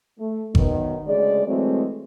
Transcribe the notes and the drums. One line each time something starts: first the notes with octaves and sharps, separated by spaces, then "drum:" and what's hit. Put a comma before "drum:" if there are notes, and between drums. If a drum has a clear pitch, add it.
A3
F#2 D#3 B3, drum: kick G#1
D2 C#3 G#3 G#4 D5
E3 F#3 G#3 A3 C4